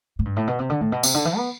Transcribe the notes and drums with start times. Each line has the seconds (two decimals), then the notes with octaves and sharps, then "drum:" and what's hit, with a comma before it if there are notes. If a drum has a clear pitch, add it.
0.19 A2
0.25 G2
0.36 A2
0.47 B2
0.59 C3
0.70 D3
0.81 A2
0.92 B2
1.03 C3, drum: tambourine
1.14 D3
1.25 E3
1.37 B3